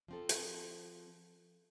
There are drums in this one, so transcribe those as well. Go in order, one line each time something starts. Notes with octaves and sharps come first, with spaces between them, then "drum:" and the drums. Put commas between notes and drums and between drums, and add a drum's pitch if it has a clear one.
F3 C4 A4
drum: hi-hat